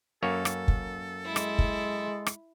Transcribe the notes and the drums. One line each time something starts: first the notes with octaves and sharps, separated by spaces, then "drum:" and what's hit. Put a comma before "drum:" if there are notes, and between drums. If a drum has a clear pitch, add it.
F#2 A#3 A4 C#5
drum: rim click
drum: kick
G#3 E4
drum: rim click
drum: kick
drum: rim click